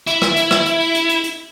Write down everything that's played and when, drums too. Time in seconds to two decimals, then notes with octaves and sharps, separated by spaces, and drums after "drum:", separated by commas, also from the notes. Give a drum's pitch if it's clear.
0.07 E4, drum: hi-hat
0.22 drum: rim click
0.36 drum: hi-hat
0.51 drum: rim click
0.65 drum: hi-hat
0.80 drum: open hi-hat
0.95 drum: hi-hat
1.09 drum: hi-hat
1.24 drum: hi-hat